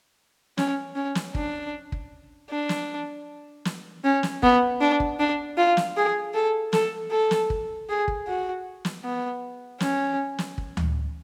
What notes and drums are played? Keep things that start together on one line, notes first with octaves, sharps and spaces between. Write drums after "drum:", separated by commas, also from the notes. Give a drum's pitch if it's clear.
C#4, drum: snare
C#4
drum: snare
D4, drum: kick
drum: kick
D4
drum: snare
drum: snare
C#4
drum: snare
B3, drum: kick
D4
drum: kick
D4
F4
drum: snare
G#4
A4
A4, drum: snare
A4
drum: snare
drum: kick
G#4
drum: kick
F#4
drum: snare
B3
C#4, drum: snare
drum: snare
drum: kick
drum: tom D2